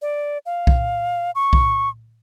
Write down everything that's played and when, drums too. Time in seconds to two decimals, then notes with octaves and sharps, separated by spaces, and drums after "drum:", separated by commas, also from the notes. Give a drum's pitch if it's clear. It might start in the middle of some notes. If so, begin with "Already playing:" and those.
0.02 D5
0.46 F5
0.67 drum: kick B1
1.35 C#6
1.53 drum: kick B1